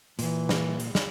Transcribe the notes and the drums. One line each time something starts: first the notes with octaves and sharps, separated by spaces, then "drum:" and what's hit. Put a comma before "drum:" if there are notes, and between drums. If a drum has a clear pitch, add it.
A#2 E3, drum: hi-hat
drum: snare
drum: hi-hat
drum: snare